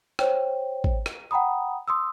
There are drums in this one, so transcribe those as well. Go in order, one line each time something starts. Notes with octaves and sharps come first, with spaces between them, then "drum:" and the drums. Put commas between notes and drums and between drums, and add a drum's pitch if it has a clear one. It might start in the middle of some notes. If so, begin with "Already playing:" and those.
C5 C#5 G5, drum: rim click
drum: kick
drum: rim click
F#5 G5 A#5 B5 D#6
C6 D#6 E6